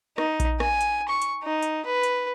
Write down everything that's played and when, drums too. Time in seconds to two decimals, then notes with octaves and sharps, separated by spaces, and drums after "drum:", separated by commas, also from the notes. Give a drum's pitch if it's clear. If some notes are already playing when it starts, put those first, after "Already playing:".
0.18 D#4, drum: rim click
0.40 drum: kick A#1, hi-hat
0.60 G#5, drum: rim click
0.81 drum: hi-hat
1.09 C#6
1.22 drum: hi-hat
1.44 D#4
1.63 drum: hi-hat
1.86 B4
2.03 drum: hi-hat